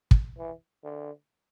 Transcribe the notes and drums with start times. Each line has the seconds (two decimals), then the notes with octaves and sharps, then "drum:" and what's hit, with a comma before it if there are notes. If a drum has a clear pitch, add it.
0.11 drum: kick
0.38 E3
0.84 D3